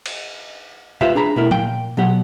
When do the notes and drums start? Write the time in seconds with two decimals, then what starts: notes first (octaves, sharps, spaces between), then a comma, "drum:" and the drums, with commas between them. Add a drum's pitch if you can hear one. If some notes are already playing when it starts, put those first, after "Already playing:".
0.06 drum: cymbal
1.01 F4 G4 B4 C5 E5 F5, drum: tom C3
1.15 D4 G#4 A#5 B5
1.36 B2 A3 E4 A#4
1.51 A#2 A#3 G5, drum: tom F3
1.97 B2 F#3 G4 F#5